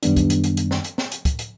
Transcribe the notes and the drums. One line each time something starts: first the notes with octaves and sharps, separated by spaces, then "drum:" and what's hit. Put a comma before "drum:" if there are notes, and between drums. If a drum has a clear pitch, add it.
F#2 D#3 G3 B3 D4, drum: hi-hat
drum: kick, hi-hat
drum: hi-hat
drum: hi-hat
drum: hi-hat
drum: snare
drum: hi-hat
drum: snare
drum: hi-hat
drum: kick, hi-hat
drum: hi-hat